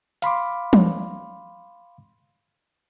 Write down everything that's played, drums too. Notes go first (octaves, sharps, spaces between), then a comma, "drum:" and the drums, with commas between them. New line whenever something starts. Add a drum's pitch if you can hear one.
F5 B5 C6 D6, drum: hi-hat
drum: tom